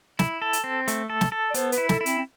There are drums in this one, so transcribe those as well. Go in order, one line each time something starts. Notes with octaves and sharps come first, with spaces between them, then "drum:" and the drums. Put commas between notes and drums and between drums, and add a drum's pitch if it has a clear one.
E4, drum: snare
A4
drum: hi-hat
C4
A3, drum: hi-hat
A4
drum: snare
A4
D5
B3 C5, drum: hi-hat
B4, drum: hi-hat
E4
A4, drum: snare
E4
C4, drum: hi-hat
C4